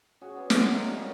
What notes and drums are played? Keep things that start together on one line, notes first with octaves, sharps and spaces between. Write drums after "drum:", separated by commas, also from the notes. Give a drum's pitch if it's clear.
C#4 F#4 G#4
B3 D5
A3 C#4 C5, drum: snare
D#3 F#3 G3
F#4 G#4
G3 A#3 B3 C#4